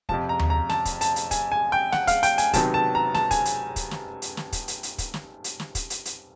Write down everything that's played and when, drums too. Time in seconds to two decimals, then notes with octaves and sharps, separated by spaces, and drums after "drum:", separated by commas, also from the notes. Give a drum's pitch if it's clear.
0.09 F2 C3 F3 A5, drum: kick
0.29 A#5
0.39 drum: tom D#2
0.50 A#5
0.70 A5, drum: snare
0.85 drum: kick, hi-hat
1.01 A5, drum: hi-hat
1.16 drum: hi-hat
1.31 G#5, drum: kick, hi-hat
1.52 G#5
1.72 G5
1.92 F#5, drum: snare
2.07 F5, drum: kick, hi-hat
2.23 G5, drum: hi-hat
2.38 G#5, drum: hi-hat
2.53 C3 D#3 F#3 B3 A5, drum: kick, hi-hat
2.74 A5
2.95 A#5
3.15 A5, drum: snare
3.31 G#5, drum: kick, hi-hat
3.45 drum: hi-hat
3.76 drum: kick, hi-hat
3.91 drum: snare
4.22 drum: hi-hat
4.37 drum: snare
4.52 drum: kick, hi-hat
4.68 drum: hi-hat
4.83 drum: hi-hat
4.98 drum: kick, hi-hat
5.14 drum: snare
5.44 drum: hi-hat
5.60 drum: snare
5.75 drum: kick, hi-hat
5.90 drum: hi-hat
6.05 drum: hi-hat